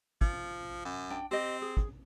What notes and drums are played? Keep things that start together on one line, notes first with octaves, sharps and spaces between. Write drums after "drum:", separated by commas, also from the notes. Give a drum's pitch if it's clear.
F3, drum: kick
F#2
D4 G5
C4 G4 D#5
G#4
drum: kick